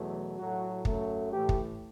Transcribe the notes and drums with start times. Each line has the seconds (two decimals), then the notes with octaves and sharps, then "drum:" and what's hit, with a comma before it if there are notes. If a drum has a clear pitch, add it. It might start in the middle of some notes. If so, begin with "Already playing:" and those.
Already playing: E2 B2 F#3 A3
0.38 A2 F#3 A3 F#4
0.85 F#2 F#3 A3, drum: kick
1.32 A2 E3 A3 G4
1.49 drum: kick